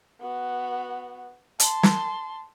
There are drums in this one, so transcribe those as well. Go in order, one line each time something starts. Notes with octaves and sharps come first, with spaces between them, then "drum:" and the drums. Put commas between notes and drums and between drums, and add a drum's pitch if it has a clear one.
B3 F#4
A5 C6, drum: hi-hat
drum: snare